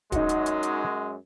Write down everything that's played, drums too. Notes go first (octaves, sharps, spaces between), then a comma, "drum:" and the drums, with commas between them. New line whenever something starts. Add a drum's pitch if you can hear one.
F#2 G#3 D#4 F#4, drum: kick D1, hi-hat
drum: hi-hat
drum: hi-hat
drum: hi-hat